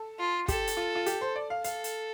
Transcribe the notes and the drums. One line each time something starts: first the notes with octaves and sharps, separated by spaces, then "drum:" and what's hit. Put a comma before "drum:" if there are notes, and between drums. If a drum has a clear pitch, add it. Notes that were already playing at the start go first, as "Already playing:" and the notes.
Already playing: A4
F4
G4 A4, drum: kick, hi-hat
drum: hi-hat
F4
F4
G4, drum: hi-hat
C5
D5
F5
A4 F5, drum: hi-hat
drum: hi-hat